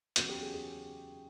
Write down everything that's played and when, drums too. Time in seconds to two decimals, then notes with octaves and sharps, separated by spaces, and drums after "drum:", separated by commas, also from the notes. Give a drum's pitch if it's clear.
0.16 E2 C#3 F#3 F#4, drum: hi-hat
0.29 G4
0.42 G#4
0.54 G#4